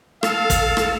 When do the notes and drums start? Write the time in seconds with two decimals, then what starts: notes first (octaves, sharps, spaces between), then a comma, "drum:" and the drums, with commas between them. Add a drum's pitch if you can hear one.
0.23 A4 F5, drum: rim click
0.50 drum: kick, hi-hat
0.77 drum: rim click